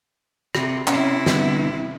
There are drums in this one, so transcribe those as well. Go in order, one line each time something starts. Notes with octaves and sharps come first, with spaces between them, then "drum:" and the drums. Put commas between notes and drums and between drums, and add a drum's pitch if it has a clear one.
C3, drum: rim click
C3 C#4 E4, drum: clap
D3 G3 B3, drum: snare